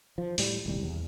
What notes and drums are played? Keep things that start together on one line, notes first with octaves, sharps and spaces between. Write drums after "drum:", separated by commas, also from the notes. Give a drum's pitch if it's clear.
F3
A2 G3, drum: open hi-hat
D#1 C2 G3
E2